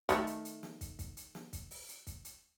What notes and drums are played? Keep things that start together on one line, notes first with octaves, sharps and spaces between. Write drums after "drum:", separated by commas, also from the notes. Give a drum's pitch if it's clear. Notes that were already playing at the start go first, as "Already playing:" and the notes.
D#3 G#3 A3, drum: kick, hi-hat
drum: hi-hat
drum: hi-hat
drum: snare
drum: kick, hi-hat
drum: kick, hi-hat
drum: hi-hat
drum: snare
drum: kick, hi-hat
drum: open hi-hat
drum: hi-hat
drum: kick, hi-hat
drum: hi-hat